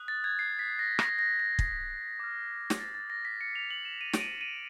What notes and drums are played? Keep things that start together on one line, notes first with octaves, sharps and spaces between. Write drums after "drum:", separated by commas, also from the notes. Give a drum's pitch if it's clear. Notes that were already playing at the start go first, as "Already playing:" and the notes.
Already playing: D#6 F#6
A6
G#6
C7
B6
A#6
A#6, drum: rim click
A#6
A#6
drum: kick
D6 F6
drum: snare
A6
A6
A#6
B6
C#7
F7
F#7
E7
D#7
D7, drum: snare
D#7
D#7